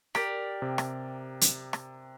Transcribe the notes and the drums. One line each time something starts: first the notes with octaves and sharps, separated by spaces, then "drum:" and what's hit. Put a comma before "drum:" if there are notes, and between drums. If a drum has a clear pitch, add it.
G4 A#4 D5, drum: rim click
C3
drum: rim click
drum: hi-hat
drum: rim click